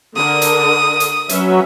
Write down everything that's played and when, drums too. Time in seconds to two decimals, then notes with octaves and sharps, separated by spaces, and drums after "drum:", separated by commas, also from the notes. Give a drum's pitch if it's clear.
0.16 D3 A#4 D#6
0.42 drum: hi-hat
1.00 drum: hi-hat
1.29 F#3 C#4 B4 E5, drum: hi-hat